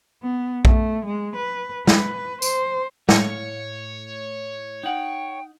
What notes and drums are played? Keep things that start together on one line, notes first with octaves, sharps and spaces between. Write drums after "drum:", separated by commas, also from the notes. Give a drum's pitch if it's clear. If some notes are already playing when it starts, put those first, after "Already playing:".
B3
A3, drum: kick A#1
G#3
B4
B4, drum: snare
C5, drum: tambourine
A2 C#5 F5 C#7, drum: snare
D#4 F#5 G5